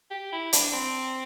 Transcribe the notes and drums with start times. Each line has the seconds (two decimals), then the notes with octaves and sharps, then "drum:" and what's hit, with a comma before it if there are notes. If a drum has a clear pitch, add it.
0.11 G4
0.32 E4
0.53 D4, drum: hi-hat
0.73 C4